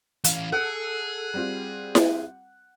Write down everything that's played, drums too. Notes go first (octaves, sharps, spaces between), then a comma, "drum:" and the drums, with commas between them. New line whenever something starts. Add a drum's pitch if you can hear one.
E3 C#4 F5, drum: hi-hat
G#4 A4 F#5
G3 C4 F4
drum: snare E4